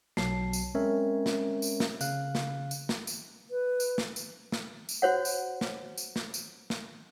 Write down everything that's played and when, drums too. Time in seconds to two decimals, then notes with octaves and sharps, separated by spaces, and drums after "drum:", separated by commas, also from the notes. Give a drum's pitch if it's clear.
0.17 B1 F#3 A5 C7, drum: snare
0.53 drum: tambourine
0.75 G#3 C4 C#4 A#4 C#5 E5
1.26 drum: snare
1.62 drum: tambourine
1.80 drum: snare
2.01 C#3 F5 F#6, drum: tambourine
2.35 drum: snare
2.71 drum: tambourine
2.89 drum: snare
3.07 drum: tambourine
3.51 B4
3.80 drum: tambourine
3.98 drum: snare
4.16 drum: tambourine
4.52 drum: snare
4.89 drum: tambourine
5.02 F#4 C5 C#5 F#5
5.25 drum: tambourine
5.61 drum: snare
5.98 drum: tambourine
6.16 drum: snare
6.34 drum: tambourine
6.70 drum: snare